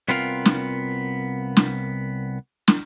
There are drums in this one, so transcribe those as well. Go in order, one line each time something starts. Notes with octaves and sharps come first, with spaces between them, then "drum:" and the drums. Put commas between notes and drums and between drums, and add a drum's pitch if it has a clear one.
C2 B3 C4 F4 A#4 F5
drum: snare
drum: snare
drum: snare